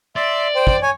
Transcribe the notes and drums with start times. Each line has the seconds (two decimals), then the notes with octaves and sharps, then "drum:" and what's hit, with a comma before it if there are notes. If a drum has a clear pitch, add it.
0.16 D5 E5 C6
0.55 C5 G5
0.67 drum: kick
0.82 C#5 G#5